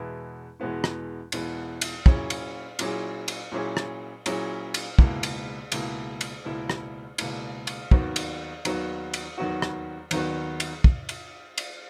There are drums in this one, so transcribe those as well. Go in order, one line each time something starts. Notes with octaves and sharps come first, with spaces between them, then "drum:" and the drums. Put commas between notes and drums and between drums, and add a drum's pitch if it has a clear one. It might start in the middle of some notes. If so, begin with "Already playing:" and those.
Already playing: E2 B2 G#3 B3 E4
E2 B2 G#3 B3 E4
drum: rim click
E2 B2 G#3 B3 E4, drum: cymbal
drum: cymbal
A#2 F#3 C#4 E4 G#4, drum: kick
drum: cymbal
A#2 F#3 C#4 E4 G#4, drum: cymbal
drum: cymbal
A#2 F#3 C#4 E4 G#4
drum: rim click
A#2 F#3 C#4 E4 G#4, drum: cymbal
drum: cymbal
C#2 B2 A#3 E4, drum: kick
drum: cymbal
C#2 B2 A#3 E4, drum: cymbal
drum: cymbal
C#2 B2 A#3 E4
drum: rim click
C#2 B2 A#3 E4, drum: cymbal
drum: cymbal
D#2 D#3 F#3 B3 F#4, drum: kick
drum: cymbal
D#2 D#3 F#3 B3 F#4, drum: cymbal
drum: cymbal
D#2 D#3 F#3 B3 F#4
drum: rim click
D#2 D#3 F#3 B3 F#4, drum: cymbal
drum: cymbal
drum: kick
drum: cymbal
drum: cymbal